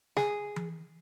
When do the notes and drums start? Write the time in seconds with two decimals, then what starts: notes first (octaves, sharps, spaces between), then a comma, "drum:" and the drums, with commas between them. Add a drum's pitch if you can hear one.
0.17 G#4, drum: snare
0.56 drum: tom E3